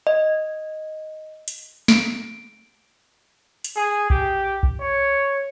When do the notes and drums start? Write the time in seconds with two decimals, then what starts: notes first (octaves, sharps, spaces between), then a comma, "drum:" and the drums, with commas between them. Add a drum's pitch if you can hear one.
0.07 D#5
1.48 drum: hi-hat
1.88 D7, drum: snare
3.64 drum: hi-hat
3.76 G#4
4.10 G4, drum: kick B1
4.63 drum: kick B1
4.80 C#5